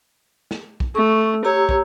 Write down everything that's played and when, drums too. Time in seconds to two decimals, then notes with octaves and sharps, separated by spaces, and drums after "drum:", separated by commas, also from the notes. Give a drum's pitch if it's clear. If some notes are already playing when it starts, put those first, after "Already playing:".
0.51 drum: snare
0.80 drum: kick
0.95 A3 C#6
1.45 G4 C#5 A#5 E6
1.69 drum: kick